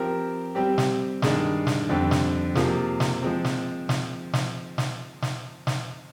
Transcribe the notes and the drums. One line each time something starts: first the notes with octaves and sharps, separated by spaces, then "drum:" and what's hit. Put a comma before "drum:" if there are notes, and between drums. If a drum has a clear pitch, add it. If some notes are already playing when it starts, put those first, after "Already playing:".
Already playing: F3 C4 G4 A#4
G3 C4 G4
drum: snare
G2 D#3 G#3 D4 G#4, drum: snare
drum: snare
F2 D3 G3 C4 G4
drum: snare
C3 F3 A#3 F4 G#4, drum: snare
drum: snare
F3 G#3 C4
drum: snare
drum: snare
drum: snare
drum: snare
drum: snare
drum: snare